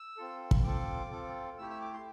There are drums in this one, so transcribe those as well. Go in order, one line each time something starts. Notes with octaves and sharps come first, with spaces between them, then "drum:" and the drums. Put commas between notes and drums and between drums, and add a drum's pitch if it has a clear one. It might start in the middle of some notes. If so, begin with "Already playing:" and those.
Already playing: E6
C4 F4 A4
drum: kick
C4 F4 A4 D6
C4 F4 A4
A3 E4 G4 E6
E6
D6
C6